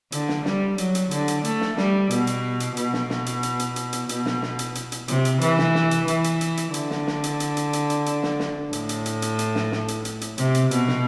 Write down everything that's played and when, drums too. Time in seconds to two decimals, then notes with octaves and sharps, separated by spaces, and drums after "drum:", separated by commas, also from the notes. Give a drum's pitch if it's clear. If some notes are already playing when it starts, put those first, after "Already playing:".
0.12 D3, drum: hi-hat
0.29 drum: snare
0.45 G3, drum: snare
0.78 F#3, drum: hi-hat
0.95 drum: hi-hat
1.11 D3, drum: hi-hat
1.28 drum: hi-hat
1.45 A3, drum: hi-hat
1.61 drum: snare
1.77 G3, drum: snare
2.10 B2, drum: hi-hat
2.27 drum: hi-hat
2.60 drum: hi-hat
2.77 B2, drum: hi-hat
2.93 drum: snare
3.10 drum: snare
3.26 drum: hi-hat
3.43 drum: hi-hat
3.59 drum: hi-hat
3.76 drum: hi-hat
3.93 drum: hi-hat
4.09 B2, drum: hi-hat
4.26 drum: snare
4.42 drum: snare
4.59 drum: hi-hat
4.75 drum: hi-hat
4.92 drum: hi-hat
5.08 C3, drum: hi-hat
5.25 drum: hi-hat
5.41 E3, drum: hi-hat
5.58 drum: snare
5.75 drum: snare
5.91 drum: hi-hat
6.08 E3, drum: hi-hat
6.24 drum: hi-hat
6.41 drum: hi-hat
6.57 drum: hi-hat
6.74 D3, drum: hi-hat
6.90 drum: snare
7.07 drum: snare
7.24 drum: hi-hat
7.40 drum: hi-hat
7.57 drum: hi-hat
7.73 drum: hi-hat
7.90 drum: hi-hat
8.06 drum: hi-hat
8.23 drum: snare
8.39 drum: snare
8.73 A2, drum: hi-hat
8.89 drum: hi-hat
9.06 drum: hi-hat
9.22 drum: hi-hat
9.39 drum: hi-hat
9.55 drum: snare
9.72 drum: snare
9.88 drum: hi-hat
10.05 drum: hi-hat
10.21 drum: hi-hat
10.38 C3, drum: hi-hat
10.55 drum: hi-hat
10.71 B2, drum: hi-hat
10.88 drum: snare